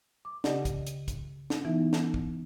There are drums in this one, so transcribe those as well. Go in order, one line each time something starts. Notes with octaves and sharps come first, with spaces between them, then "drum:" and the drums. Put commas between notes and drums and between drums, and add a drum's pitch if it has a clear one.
D6
C#3 G4 D5 D#5 F#5, drum: snare
drum: kick, hi-hat
drum: hi-hat
drum: kick, hi-hat
drum: snare
E3 B3 D#4 E4
drum: snare
drum: kick